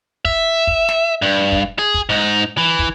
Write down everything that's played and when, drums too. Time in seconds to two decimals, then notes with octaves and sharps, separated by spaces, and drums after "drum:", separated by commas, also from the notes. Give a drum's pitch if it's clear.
0.25 E5, drum: kick
0.67 drum: kick
0.89 drum: snare
1.22 G2
1.52 drum: kick
1.79 G#4
1.94 drum: kick
2.09 G#2 D#4
2.58 E3
2.79 drum: kick